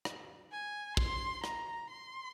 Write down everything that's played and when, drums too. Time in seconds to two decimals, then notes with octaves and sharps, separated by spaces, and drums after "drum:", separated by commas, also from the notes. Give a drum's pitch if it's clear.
0.05 drum: rim click
0.52 G#5
0.97 C6, drum: kick
1.44 A#5, drum: rim click
1.91 C6